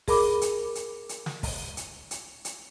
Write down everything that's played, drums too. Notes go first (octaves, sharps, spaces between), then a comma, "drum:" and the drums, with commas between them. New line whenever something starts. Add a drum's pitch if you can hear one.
G#4 A#4 B5 D6, drum: kick, open hi-hat
drum: hi-hat
drum: hi-hat
drum: hi-hat
drum: snare
drum: kick, open hi-hat
drum: hi-hat
drum: hi-hat
drum: hi-hat